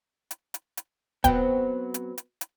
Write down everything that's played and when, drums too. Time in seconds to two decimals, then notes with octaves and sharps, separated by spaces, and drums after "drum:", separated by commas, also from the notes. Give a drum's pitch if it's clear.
0.31 drum: hi-hat
0.54 drum: hi-hat
0.77 drum: hi-hat
1.24 F#3 B3 C4 G5, drum: kick D#1, hi-hat
1.94 drum: hi-hat
2.18 drum: hi-hat
2.41 drum: hi-hat